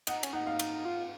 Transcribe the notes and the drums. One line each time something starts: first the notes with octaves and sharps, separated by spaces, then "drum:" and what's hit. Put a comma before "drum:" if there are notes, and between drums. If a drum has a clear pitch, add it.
D#4 F#5, drum: cymbal
C#4, drum: cymbal
D#4 F#5
F5
D#4, drum: cymbal
F4